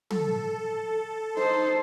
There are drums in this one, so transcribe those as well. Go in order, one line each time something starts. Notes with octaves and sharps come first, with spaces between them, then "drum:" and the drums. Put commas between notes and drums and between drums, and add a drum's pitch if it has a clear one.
A4, drum: tom
D#4 A4 C5